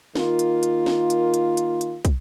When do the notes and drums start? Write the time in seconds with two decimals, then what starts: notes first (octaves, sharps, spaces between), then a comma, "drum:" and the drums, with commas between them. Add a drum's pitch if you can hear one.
0.15 D#3 A#3 F4, drum: snare
0.39 drum: hi-hat
0.63 drum: hi-hat
0.86 drum: snare
1.10 drum: hi-hat
1.34 drum: hi-hat
1.57 drum: hi-hat
1.81 drum: hi-hat
2.05 drum: kick, hi-hat